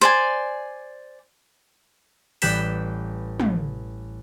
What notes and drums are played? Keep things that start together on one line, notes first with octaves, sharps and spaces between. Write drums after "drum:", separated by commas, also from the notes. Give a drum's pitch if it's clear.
C5 D5 G#5, drum: hi-hat
A1 G3 B4 G6 B6 E7, drum: open hi-hat
drum: tom